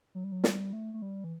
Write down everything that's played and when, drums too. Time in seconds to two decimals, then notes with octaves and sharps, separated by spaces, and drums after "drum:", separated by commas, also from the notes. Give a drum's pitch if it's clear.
0.15 F#3
0.24 G3
0.32 F#3
0.44 G3, drum: snare
0.73 A3
0.94 A3
1.02 G3
1.24 E3